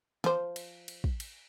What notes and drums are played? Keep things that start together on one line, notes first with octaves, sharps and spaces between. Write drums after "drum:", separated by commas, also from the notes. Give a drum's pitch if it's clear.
F3 C5, drum: snare
drum: cymbal
drum: cymbal
drum: kick
drum: cymbal